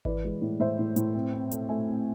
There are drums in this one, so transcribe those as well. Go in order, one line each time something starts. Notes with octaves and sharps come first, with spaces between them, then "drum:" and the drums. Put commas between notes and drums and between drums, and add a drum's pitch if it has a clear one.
E3 B4 D5, drum: kick G#1
G#3
A2
A2 C5 E5
A2
A2, drum: hi-hat
C4
C4
A3, drum: hi-hat
A3 E5 G#5
C4